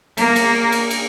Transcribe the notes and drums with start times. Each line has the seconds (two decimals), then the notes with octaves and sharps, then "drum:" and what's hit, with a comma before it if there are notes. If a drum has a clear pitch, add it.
0.17 A#3, drum: cymbal
0.36 drum: cymbal
0.72 drum: cymbal
0.91 drum: cymbal